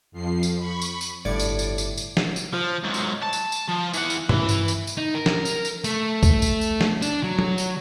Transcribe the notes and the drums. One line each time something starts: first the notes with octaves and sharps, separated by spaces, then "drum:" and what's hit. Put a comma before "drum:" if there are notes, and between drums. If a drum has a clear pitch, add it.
F2 F3 C7
drum: tambourine
B5 C#6
drum: tambourine
drum: tambourine
G1 A2 D5 G#6 C#7
drum: tambourine
drum: tambourine
drum: tambourine
drum: tambourine
drum: snare
drum: tambourine
F3
G#2 F#3
drum: tambourine
A5
drum: tambourine
drum: tambourine
F3
E3 F#5, drum: tambourine
drum: tambourine
E3, drum: tom G2
drum: tambourine
drum: tambourine
drum: tambourine
D#4
A#4
drum: snare
drum: tambourine
drum: tambourine
A3, drum: tambourine
drum: kick, tambourine
drum: tambourine
drum: tambourine
drum: snare
D4, drum: tambourine
F#3
drum: tom F#3
drum: tambourine